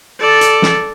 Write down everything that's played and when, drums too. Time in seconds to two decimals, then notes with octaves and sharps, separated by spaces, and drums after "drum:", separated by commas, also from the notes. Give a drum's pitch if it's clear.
0.20 A4 D5
0.41 drum: hi-hat
0.62 drum: snare